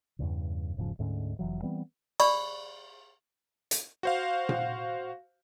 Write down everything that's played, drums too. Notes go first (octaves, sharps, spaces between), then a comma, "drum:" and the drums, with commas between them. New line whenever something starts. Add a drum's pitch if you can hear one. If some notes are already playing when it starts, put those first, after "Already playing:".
E2 G2 C#3
E1 G#2 C#3 F3
D2 G#2 D3 C#4
F1 E3 F#3
E3 G3 B3 C4
D5 B5 C#6, drum: cymbal
drum: hi-hat
F#4 C5 F5
drum: tom A#2